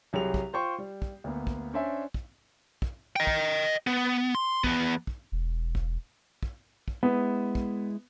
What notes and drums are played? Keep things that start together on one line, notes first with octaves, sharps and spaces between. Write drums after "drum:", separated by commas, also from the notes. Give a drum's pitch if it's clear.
C2 F#3 G4 G#4 F7
drum: kick
F4 C5 G5 C#6
G3
drum: kick
D2 A#3 B3
drum: kick
C#4 D4 C5 D5 E5 G#5
drum: kick
drum: kick
D#5 G5
drum: kick
B3
C6
E2 B3, drum: kick
drum: kick
E1
drum: kick
drum: kick
drum: kick
G#3 B3 E4
drum: kick